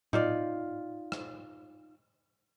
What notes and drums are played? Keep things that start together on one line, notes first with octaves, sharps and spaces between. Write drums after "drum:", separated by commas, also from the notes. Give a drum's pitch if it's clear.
D#4 F4 D5, drum: tom A2
drum: rim click